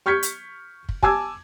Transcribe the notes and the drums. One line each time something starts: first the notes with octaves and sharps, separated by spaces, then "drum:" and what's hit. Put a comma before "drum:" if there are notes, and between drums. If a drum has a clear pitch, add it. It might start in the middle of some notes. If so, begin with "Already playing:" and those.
C#6 F6 G6 G#6 B6 C#7
drum: hi-hat
drum: kick
G#5 A5 D6 E6 G#6, drum: kick